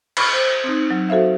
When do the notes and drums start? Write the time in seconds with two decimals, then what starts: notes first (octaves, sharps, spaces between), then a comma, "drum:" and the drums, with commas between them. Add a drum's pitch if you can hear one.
0.17 B5 C#6 F6, drum: cymbal
0.33 C5
0.64 C4 D#4
0.90 F#3
1.09 F#4 A4 C5 E5 F5